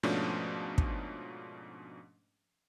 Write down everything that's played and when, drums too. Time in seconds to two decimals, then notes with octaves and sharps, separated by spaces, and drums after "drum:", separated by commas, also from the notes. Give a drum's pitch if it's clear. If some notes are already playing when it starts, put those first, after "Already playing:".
0.03 G#2 B2 F3 A3 C#4 D4
0.78 drum: kick